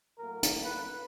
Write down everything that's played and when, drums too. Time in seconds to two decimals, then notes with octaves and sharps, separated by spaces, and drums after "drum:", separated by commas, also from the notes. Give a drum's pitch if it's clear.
0.19 A2 F#3 A#3 A#4
0.43 drum: hi-hat
0.64 B4